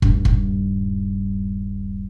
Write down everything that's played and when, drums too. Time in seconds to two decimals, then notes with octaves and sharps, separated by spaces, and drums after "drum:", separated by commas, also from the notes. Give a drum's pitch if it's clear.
0.02 D#1 G2, drum: kick
0.25 drum: kick